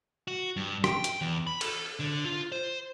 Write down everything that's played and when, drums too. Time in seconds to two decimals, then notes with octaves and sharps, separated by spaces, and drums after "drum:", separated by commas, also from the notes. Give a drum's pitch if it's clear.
0.27 F#4
0.56 G2
0.84 G5, drum: rim click
1.04 drum: hi-hat
1.21 E2
1.47 B5
1.61 A4, drum: cymbal
2.00 D3
2.25 F4
2.52 C5